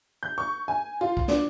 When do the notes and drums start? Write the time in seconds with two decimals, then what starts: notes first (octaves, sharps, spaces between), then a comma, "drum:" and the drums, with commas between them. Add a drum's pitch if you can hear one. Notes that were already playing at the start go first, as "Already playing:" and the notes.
0.23 G6
0.38 C#6
0.68 G#5
1.01 F4
1.17 drum: kick
1.28 D4, drum: snare